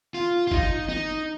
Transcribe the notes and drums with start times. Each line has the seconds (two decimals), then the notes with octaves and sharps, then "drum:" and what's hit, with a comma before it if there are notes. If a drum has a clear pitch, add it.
0.14 F4
0.47 F4
0.51 D#4, drum: kick
0.89 D#4